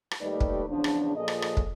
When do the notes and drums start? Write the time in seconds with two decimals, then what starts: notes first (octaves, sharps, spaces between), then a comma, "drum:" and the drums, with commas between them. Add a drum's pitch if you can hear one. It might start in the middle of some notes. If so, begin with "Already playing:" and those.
0.11 drum: rim click
0.21 D#2 G3 A3 D#4 B4 D5
0.40 drum: kick
0.70 E2 C#3 F3 D4
0.84 drum: rim click
1.16 A#2 F3 G#4 A4 D#5
1.28 drum: rim click
1.42 drum: rim click
1.57 drum: kick